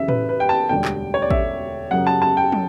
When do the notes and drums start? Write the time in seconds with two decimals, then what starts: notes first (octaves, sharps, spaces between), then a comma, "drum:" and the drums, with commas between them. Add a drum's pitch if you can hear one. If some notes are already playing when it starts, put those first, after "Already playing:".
Already playing: F#2 C#3 E3 E5
0.08 B4, drum: tom A2
0.29 B4
0.40 G5
0.49 A5
0.69 E1 D2 D3 G3 G5
0.85 drum: clap
1.14 C#5
1.22 D5
1.31 E5, drum: kick A1
1.91 F#2 C#3 F#3 F#5
2.07 A5
2.22 A5
2.37 G5
2.52 drum: tom